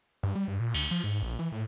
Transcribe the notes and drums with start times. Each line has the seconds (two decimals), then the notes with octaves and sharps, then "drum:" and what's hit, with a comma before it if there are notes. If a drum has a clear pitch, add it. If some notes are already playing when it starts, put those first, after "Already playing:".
0.23 G2
0.35 G3
0.48 G2
0.60 A#2
0.74 D2, drum: cymbal
0.91 F3
1.04 G#2
1.22 A#1
1.39 E3
1.52 A2